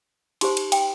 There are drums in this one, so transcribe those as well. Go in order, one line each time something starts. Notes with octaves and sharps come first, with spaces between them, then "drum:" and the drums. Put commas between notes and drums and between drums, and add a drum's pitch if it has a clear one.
D#4 G4 C5 C6, drum: cymbal
drum: cymbal
G5, drum: cymbal